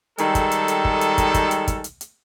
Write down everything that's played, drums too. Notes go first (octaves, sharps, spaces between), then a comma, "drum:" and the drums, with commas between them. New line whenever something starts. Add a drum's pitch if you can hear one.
D#3 G3 G#3 A4, drum: hi-hat
drum: kick, hi-hat
drum: hi-hat
drum: hi-hat
drum: kick
drum: hi-hat
drum: kick, hi-hat
drum: kick, hi-hat
drum: hi-hat
drum: kick, hi-hat
drum: hi-hat
drum: hi-hat